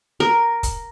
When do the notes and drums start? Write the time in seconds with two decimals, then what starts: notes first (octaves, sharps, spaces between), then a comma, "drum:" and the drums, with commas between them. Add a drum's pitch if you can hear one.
0.20 A#4
0.63 drum: kick, hi-hat